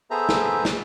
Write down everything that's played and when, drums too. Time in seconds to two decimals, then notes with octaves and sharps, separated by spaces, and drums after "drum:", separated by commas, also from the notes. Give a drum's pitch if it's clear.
0.11 B3 G#4 A4 C5 E5 A#5
0.29 drum: snare
0.65 drum: snare